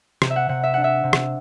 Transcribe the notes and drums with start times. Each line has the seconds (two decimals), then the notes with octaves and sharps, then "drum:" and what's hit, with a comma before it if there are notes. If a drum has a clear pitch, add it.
0.22 C3, drum: rim click
0.30 E5
0.36 F#5
0.49 C3 F#5
0.63 E5
0.74 D4 F#5
0.84 E5
1.04 C3
1.13 drum: rim click